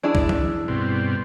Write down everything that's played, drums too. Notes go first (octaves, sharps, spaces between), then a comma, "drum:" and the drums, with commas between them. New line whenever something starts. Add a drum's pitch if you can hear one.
D4 E4 G#4
drum: kick
drum: tom E3
G2 B2 C4